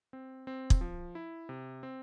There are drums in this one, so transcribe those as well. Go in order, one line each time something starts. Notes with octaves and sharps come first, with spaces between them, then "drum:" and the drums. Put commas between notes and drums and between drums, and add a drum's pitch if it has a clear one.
C4
C4
drum: kick
F3
E4
C3
C4